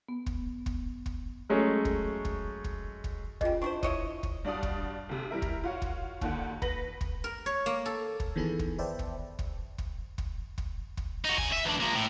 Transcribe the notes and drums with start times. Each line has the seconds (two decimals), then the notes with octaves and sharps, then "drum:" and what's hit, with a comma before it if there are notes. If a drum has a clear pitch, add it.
0.09 B3
0.26 drum: kick
0.66 drum: kick
1.06 drum: kick
1.50 F#3 G#3 A3 C#4
1.85 drum: kick
2.25 drum: kick
2.64 drum: kick
3.04 drum: kick
3.41 C#3 G3 F4 G#4 D#5, drum: kick
3.62 D4 E4 C5 C6 C#6
3.83 E4 C#5 D#5, drum: kick
4.23 drum: kick
4.45 G2 D4 F#4 D5 D#6
4.63 drum: kick
5.09 B1 C3
5.31 E3 G3 A#4 E5
5.42 drum: kick
5.64 F4 F#4 C#5
5.82 drum: kick
6.21 D#2 D3 D#3 F#5, drum: kick
6.62 B4 A#6 F#7, drum: kick
7.01 drum: kick
7.24 A#4
7.46 C#5
7.66 A#3
7.86 A4
8.20 drum: kick
8.36 D#3 E3 B3 G#4 A4 B4
8.59 drum: kick
8.78 B4 C5 D5 E5 G5 A5
8.99 drum: kick
9.39 drum: kick
9.78 drum: kick
10.18 drum: kick
10.58 drum: kick
10.97 drum: kick
11.25 D#4 F#4
11.38 C#3 G#5, drum: kick
11.52 E5
11.65 E2 D4
11.81 F3 A#3
11.95 A2